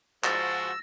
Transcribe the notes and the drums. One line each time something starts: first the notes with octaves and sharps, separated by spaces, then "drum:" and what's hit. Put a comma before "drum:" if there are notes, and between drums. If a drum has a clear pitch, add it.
G#2 F3 F#4 E6 A6 A#6, drum: clap